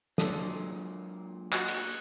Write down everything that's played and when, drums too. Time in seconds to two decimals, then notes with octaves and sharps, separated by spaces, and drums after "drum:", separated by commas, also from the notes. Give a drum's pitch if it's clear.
0.18 A#2 F#3 G#3 D4 A4 D#6, drum: snare
1.52 F#4 D#5 F#6, drum: clap
1.68 drum: cymbal